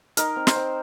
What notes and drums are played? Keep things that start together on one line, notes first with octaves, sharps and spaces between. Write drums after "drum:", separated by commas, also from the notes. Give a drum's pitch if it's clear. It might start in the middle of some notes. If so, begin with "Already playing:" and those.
D#4 A#4, drum: hi-hat
C4
C5, drum: snare
C4